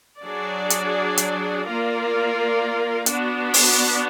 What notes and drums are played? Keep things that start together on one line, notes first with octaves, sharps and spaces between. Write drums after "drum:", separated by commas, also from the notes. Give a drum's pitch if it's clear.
F#3 D4 G#4 D5
drum: hi-hat
drum: hi-hat
A#3 F4 A#4 D5
B3 D4 F#4, drum: hi-hat
drum: open hi-hat